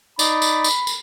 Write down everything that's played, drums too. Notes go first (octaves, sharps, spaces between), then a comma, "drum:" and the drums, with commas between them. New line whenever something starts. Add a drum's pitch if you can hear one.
D#4 D5 B5, drum: tambourine
drum: tambourine
drum: tambourine
drum: tambourine